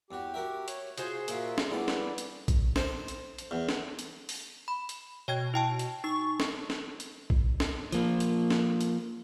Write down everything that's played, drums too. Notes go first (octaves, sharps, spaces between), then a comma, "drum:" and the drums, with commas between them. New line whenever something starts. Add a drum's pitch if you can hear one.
E2 F#4 G4
F#4 A#4 E5
C#5, drum: hi-hat
D#4 F4 F#4 G#4 C5, drum: hi-hat
A#2 F4 F#4 A#4 E5, drum: hi-hat
drum: snare
E3 G3 A3 B3 D5
drum: snare
drum: hi-hat
drum: kick A#1, hi-hat
C5, drum: snare
drum: hi-hat
drum: hi-hat
E2
drum: snare
drum: hi-hat
drum: open hi-hat
B5
drum: hi-hat
B2 C#5 G5 G#6
E4 G5 A5
drum: hi-hat
D#4 C#6
drum: snare
drum: snare
drum: hi-hat
drum: kick A#1
drum: snare
F3 A#3, drum: hi-hat
drum: hi-hat
drum: snare
drum: hi-hat